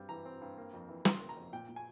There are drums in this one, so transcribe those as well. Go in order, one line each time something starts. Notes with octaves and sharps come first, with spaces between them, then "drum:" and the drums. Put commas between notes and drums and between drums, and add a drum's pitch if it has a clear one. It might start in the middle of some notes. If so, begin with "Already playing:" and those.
Already playing: G2 G3 C4
E3 A#5
C4
G2
A#3
F2
E3
C#3 C6, drum: snare
A#3
A#5
F2
A#2 G5
A#2
G#5